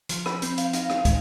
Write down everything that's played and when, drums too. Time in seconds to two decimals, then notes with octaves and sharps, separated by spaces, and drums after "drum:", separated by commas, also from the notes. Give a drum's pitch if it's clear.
0.09 F3, drum: hi-hat
0.26 B5, drum: rim click
0.42 C4, drum: hi-hat
0.58 F5, drum: hi-hat
0.73 D#4 F5, drum: hi-hat
0.90 drum: rim click
1.05 G#3, drum: kick, hi-hat